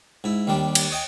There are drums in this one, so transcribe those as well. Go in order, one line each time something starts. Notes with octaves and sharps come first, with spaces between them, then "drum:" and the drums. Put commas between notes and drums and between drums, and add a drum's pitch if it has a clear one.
G#2 E4
D#2 D#3 G3 D4
drum: cymbal
C#5 D#5 G5 G#5